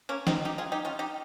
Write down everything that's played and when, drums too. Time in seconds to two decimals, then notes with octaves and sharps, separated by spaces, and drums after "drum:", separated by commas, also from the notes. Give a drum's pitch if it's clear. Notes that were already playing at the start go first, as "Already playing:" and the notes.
0.09 A#3 C#4
0.27 C4 D#4, drum: snare
0.45 D#4 G4
0.58 F4 G#4
0.72 D#4 G4
0.85 C#4 F4
0.99 D#4 G4